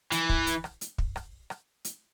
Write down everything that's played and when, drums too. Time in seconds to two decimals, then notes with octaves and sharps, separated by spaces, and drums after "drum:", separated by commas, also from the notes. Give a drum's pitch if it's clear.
0.12 E3, drum: hi-hat
0.29 drum: kick
0.47 drum: hi-hat
0.64 drum: rim click
0.81 drum: hi-hat
0.98 drum: kick
1.16 drum: rim click
1.50 drum: rim click
1.85 drum: hi-hat